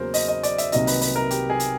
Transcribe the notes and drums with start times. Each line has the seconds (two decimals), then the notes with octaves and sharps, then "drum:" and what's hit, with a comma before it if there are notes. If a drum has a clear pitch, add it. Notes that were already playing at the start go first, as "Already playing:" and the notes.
Already playing: E2 C#3 F#3 A#3 A#4 C5
0.14 D#5, drum: open hi-hat
0.28 D#5
0.43 D5, drum: hi-hat
0.58 E5, drum: hi-hat
0.72 C2 C3 D#3 F#3 A#3 D#5, drum: hi-hat
0.87 B4, drum: open hi-hat
1.01 B4, drum: open hi-hat
1.16 A#4
1.31 G4, drum: hi-hat
1.50 G#4
1.60 drum: hi-hat